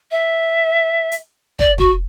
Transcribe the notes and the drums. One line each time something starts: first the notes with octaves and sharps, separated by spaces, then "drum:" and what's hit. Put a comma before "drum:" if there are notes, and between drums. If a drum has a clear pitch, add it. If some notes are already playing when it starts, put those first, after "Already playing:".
E5
drum: hi-hat
D5, drum: kick
F#4, drum: kick